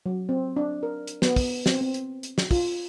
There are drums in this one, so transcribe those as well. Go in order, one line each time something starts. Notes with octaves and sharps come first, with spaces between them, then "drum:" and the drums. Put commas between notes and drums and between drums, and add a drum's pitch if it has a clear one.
F#3
C4
D4
A#4
drum: hi-hat
B3, drum: snare
drum: kick, open hi-hat
C4, drum: snare
C4
drum: hi-hat
drum: hi-hat
drum: snare
F4, drum: kick, open hi-hat